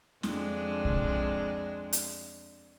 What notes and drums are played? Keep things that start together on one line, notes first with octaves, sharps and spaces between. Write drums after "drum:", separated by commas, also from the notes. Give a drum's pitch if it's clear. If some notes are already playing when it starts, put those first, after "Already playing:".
F2 G#3 D4, drum: snare
drum: kick
drum: hi-hat